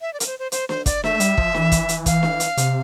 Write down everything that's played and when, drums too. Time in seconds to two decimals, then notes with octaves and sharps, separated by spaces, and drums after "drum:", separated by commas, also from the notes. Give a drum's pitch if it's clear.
0.01 E5
0.13 D5
0.20 A#4, drum: hi-hat
0.26 C5
0.39 C5
0.52 C5, drum: hi-hat
0.69 C5, drum: snare
0.86 D5, drum: kick, hi-hat
1.04 A3 E5, drum: snare
1.20 G3, drum: hi-hat
1.37 F3, drum: kick
1.55 E3, drum: snare
1.72 drum: kick, hi-hat
1.89 drum: hi-hat
2.06 F5, drum: kick, hi-hat
2.23 drum: snare
2.40 drum: hi-hat
2.57 C3, drum: hi-hat